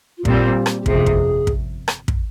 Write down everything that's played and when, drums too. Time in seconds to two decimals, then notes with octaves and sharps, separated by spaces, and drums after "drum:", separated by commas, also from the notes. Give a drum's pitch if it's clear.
0.17 F4
0.25 A#2 G3 C4 G4, drum: kick
0.66 drum: rim click
0.82 G4
0.86 G1 F2 C3 G#4, drum: kick
1.06 drum: kick
1.47 drum: kick
1.88 drum: rim click
2.08 drum: kick